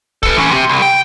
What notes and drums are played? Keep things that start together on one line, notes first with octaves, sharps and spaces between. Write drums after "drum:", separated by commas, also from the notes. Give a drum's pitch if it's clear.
A4 B4, drum: kick
E3 C#4
C4 G4
C2
G5